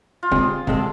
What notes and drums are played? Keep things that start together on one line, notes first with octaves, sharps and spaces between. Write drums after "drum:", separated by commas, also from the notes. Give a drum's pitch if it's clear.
F4
D2 C3 G#3 C4 G#4, drum: kick
D2 C3 G#3 C4 A4, drum: kick